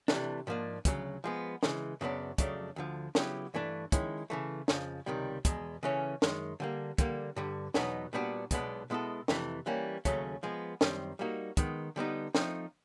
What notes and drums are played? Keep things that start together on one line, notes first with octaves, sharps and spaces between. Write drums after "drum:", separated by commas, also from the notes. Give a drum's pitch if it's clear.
C3 E3 A3 D4, drum: snare
G#2 F3 A#3 D4
D2 C#3 F#3, drum: kick, hi-hat
F3 G#3 B3
C#3 E3 G#3, drum: snare
F#2 C#3 F#3 B3 D4
F2 C#3 F#3 A3 D4, drum: kick, hi-hat
D2 D3 F3
C#3 F#3 B3 E4 G4, drum: snare
G2 E3 A3 D4
D#3 G#3 C#4 E4, drum: kick, hi-hat
C#3 E3 A3
F2 C#3 F3, drum: snare
C#2 C3 D#3 G3
E2 B2 G#3, drum: kick, hi-hat
C#3 E3 A3 C#4
F#2 D#3 G#3, drum: snare
D3 G3 A#3
D3 G3 A#3, drum: kick, hi-hat
G2 D3 G3
E2 B2 F#3 B3 D#4, drum: snare
A#2 G3 B3 D4 F#4
B1 B2 G#3 B3 D4, drum: kick, hi-hat
B2 G#3 B3 E4 A4
F2 C3 E3 A3, drum: snare
E3 G3 A#3 C#4
D#2 C#3 F#3 A3 C#4, drum: kick, hi-hat
F3 G#3 B3
F#2 D#3 G3 C4, drum: snare
G3 A#3 D#4 F#4
D#3 G#3 B3, drum: kick, hi-hat
D3 G3 B3 D#4
F3 A3 C4 D#4, drum: snare